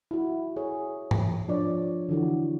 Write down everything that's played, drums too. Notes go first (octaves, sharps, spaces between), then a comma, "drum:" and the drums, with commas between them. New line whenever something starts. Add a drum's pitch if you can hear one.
E4 F#4
G#4 C#5
drum: tom G#2
F3 D4 C#5 D5
D3 E3 F#4